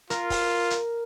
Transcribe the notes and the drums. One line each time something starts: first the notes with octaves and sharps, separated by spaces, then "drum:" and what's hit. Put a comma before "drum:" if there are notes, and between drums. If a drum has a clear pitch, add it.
F4 A#4, drum: hi-hat
drum: kick, open hi-hat
drum: hi-hat